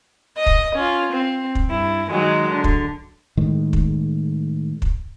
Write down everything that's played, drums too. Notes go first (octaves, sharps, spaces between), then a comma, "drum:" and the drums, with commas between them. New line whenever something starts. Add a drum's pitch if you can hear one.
D#5 D#6
drum: kick
C#4 F4
C4
drum: kick
G2 E4
D#3 F#3 G#3
D3
drum: kick
A2 D#3 G#3
drum: kick
drum: kick